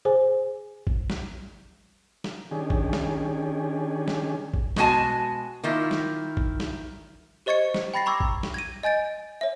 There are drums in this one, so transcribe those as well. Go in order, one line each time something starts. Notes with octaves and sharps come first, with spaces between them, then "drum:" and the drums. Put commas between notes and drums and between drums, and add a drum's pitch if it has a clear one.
G#4 C5 G#5
drum: kick
drum: snare
drum: snare
D#3 C#4 D4 G4 G#4
drum: kick
drum: snare
drum: snare
drum: kick
B2 G#3 F#4 C#5 G#5 A5, drum: snare
D#3 A#3 E4 F4
drum: snare
drum: kick
drum: snare
G4 C5 D#5 C#6 G#6 C#7
drum: snare
G5 B5 A6 A#6 C7
A#5 B5 C#6 D6 E6 G#6
drum: kick
drum: snare
G#6 A#6 D#7
D#5 G#5 G6 A6 D7
C#5 E5